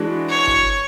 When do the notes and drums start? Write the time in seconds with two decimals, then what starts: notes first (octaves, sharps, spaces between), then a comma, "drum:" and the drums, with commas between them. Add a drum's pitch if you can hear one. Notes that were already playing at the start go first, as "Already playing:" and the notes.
Already playing: E3 G#3 D4 F#4
0.29 C#5
0.48 drum: kick G1